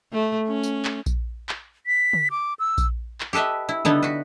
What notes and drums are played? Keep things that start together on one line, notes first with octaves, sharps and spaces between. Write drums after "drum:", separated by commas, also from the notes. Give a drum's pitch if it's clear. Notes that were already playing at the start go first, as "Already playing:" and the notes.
A3
C#4
drum: tambourine
drum: clap
drum: kick A#1, tambourine
drum: clap
B6
drum: tom
D6
E6
drum: kick A#1, tambourine
drum: clap
G4 A4 B4 D#5 E5
E4
D3 G3 B3 D#4 E4, drum: tom
F#4 B4